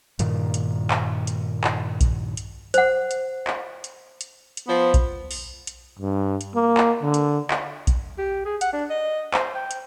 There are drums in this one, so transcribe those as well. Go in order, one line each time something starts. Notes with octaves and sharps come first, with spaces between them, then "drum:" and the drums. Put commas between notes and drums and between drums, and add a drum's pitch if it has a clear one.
G2 A#2 D#3, drum: hi-hat
drum: hi-hat
drum: clap
drum: hi-hat
drum: clap
drum: kick A#1, hi-hat
drum: hi-hat
C5 F#5, drum: hi-hat
drum: hi-hat
drum: clap
drum: hi-hat
drum: hi-hat
drum: hi-hat
F3 B3 C5
drum: kick A#1, hi-hat
drum: open hi-hat
drum: hi-hat
G2
drum: hi-hat
A#3
drum: clap
D3
drum: hi-hat
drum: clap
drum: kick A#1, hi-hat
G4
G#4
F#5, drum: hi-hat
D4
D#5
C5, drum: clap
G5
drum: hi-hat